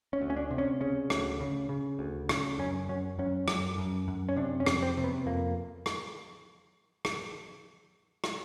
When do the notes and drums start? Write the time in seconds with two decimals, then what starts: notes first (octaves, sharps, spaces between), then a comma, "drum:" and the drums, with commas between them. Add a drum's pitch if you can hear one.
0.13 C#4
0.21 D2
0.30 C#4
0.37 D4
0.51 C3
0.58 C#4
0.81 C#3 C#4
1.10 D2, drum: rim click
1.41 C#3
1.69 C#3
1.99 D2
2.29 C#3, drum: rim click
2.59 F#2 C#4
2.89 F#2 C#4
3.19 F#2 C#4
3.48 F#2, drum: rim click
3.78 F#2
4.08 F#2
4.29 C#4
4.36 C3 D4
4.60 C#4
4.66 F2, drum: rim click
4.82 C4
4.97 C3
5.04 B3
5.26 F2 A#3
5.86 drum: rim click
7.05 drum: rim click
8.24 drum: rim click